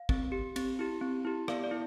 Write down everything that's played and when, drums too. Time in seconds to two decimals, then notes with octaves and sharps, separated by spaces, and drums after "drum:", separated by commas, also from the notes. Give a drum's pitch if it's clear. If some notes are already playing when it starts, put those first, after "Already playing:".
Already playing: F5
0.09 C4, drum: kick
0.32 G4
0.56 C4, drum: cymbal
0.79 E4 G4
1.01 C4
1.25 E4 G4
1.48 B3 D5 F5, drum: rim click
1.64 D5
1.71 E4